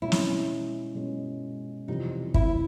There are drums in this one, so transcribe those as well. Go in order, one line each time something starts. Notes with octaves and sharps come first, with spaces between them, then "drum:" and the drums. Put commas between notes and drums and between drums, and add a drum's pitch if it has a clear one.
B2 G#3 C#4 E4
drum: snare
B2 G#3 C#4
F2 C3 E3 G3 D#4
E4, drum: kick